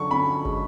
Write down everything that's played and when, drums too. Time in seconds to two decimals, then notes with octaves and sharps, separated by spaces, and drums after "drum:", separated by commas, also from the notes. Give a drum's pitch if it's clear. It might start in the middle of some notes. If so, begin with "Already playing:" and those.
Already playing: F#2 D3 C#6
0.11 C#4 B5
0.45 G#3, drum: kick